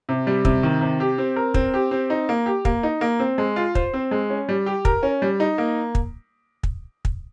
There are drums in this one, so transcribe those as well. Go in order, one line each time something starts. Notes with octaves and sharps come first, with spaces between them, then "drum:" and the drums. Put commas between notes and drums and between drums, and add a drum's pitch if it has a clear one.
C3
G3
C3, drum: kick
D#3
C3
G4
C4
A#4
C4, drum: kick
G4
C4
D#4
A#3
G4
A#3, drum: kick
D#4
A#3
C4
G#3
F4
C5, drum: kick
C4
G#3
C#4
G3
G4
A#4, drum: kick
C#4
G3
D#4
A#3
drum: kick
drum: kick
drum: kick